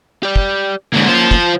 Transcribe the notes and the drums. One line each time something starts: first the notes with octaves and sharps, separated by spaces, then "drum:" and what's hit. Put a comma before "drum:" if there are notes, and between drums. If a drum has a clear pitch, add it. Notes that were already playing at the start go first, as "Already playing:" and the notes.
G4 D5
drum: kick
G#2 D3 A#3 C#4
F4 C5
drum: kick